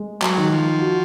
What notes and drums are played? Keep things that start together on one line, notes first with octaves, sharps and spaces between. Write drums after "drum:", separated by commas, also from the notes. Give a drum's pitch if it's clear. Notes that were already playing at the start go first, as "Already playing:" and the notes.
Already playing: G#3
F#3, drum: clap
D#3
F3
F#4